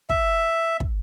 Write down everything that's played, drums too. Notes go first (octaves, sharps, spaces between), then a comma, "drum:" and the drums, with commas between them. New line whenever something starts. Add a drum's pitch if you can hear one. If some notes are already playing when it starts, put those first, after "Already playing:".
E5, drum: kick
drum: kick